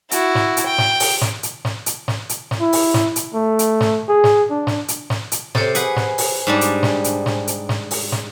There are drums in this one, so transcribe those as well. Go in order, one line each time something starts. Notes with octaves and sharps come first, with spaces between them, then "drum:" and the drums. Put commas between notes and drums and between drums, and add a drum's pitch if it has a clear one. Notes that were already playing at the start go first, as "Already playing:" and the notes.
E4 F#4, drum: hi-hat
drum: snare
drum: hi-hat
G5
drum: snare
drum: open hi-hat
drum: snare
drum: hi-hat
drum: snare
drum: hi-hat
drum: snare
drum: hi-hat
drum: snare
E4
drum: open hi-hat
drum: snare
drum: hi-hat
A3
drum: hi-hat
drum: snare
G#4
drum: snare
D4
drum: snare
drum: hi-hat
drum: snare
drum: hi-hat
C3 A4 C5 C#5, drum: snare
G#4 B4 C5 F#5 G#5, drum: hi-hat
drum: snare
drum: open hi-hat
G#2 G3 D4
drum: hi-hat
drum: snare
drum: hi-hat
drum: snare
drum: hi-hat
drum: snare
drum: open hi-hat
drum: snare